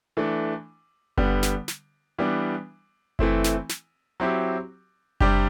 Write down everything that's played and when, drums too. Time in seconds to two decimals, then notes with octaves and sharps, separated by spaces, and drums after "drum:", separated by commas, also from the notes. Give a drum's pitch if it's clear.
0.17 E3 A3 D4
1.17 D3 G3 B3, drum: kick F#1
1.43 drum: snare
1.68 drum: snare
2.18 E3 G3 B3 D4
3.19 E3 A3 C4 E4, drum: kick F#1
3.44 drum: snare
3.69 drum: snare
4.20 F#3 C4 E4 G4
5.20 C3 G3 D4 G4, drum: kick F#1